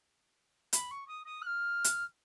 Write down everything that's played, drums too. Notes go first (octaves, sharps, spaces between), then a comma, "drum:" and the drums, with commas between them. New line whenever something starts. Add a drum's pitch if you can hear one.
B5, drum: hi-hat
C#6
D#6
D#6
F#6
F6
drum: hi-hat